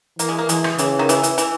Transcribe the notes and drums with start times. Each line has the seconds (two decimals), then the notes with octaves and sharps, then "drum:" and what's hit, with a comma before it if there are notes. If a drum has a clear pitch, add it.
0.19 E3 A#3, drum: hi-hat
0.29 G#3
0.39 A#3
0.49 E3 G#3, drum: hi-hat
0.64 drum: rim click
0.78 C#3 E3, drum: hi-hat
0.99 D#3
1.09 E3, drum: hi-hat
1.23 drum: hi-hat
1.38 E3, drum: hi-hat